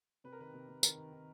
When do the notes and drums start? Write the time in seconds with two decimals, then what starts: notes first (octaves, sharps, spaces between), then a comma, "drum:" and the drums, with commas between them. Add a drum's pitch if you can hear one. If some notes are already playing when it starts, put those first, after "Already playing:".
0.24 C3 B4
0.32 A#4
0.39 D#3 B4
0.54 C3
0.68 C3
0.83 D#3 A#4, drum: tambourine
0.98 D#3
1.13 D#3